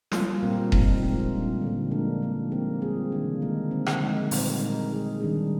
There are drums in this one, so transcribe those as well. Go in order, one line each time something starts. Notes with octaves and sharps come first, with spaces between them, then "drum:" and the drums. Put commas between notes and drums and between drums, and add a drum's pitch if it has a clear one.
G3 A#3 F4, drum: snare
A#2 G3 C4 G4 A#4
A#2 F3 C4 D#4, drum: kick D#1
G#3 C4 F4 A#4
A#2 G3 A#3 D4
D3 F3 A#3
G#3 D4 G4 A#4
F3 A#3 D#4
G#3 C4 G4 A#4
G3 C4 F4 G#4
C3 D#3 A#3 D4
D3 G#3 D#4 A#4
D3 F3 C4
drum: rim click
D3 G#3 D#4 A#4
A#2 G3 C4 G4 A#4, drum: open hi-hat
G#3 D#4 A#4
G#3 D#4 G#4
D#3 G3 D4 G#4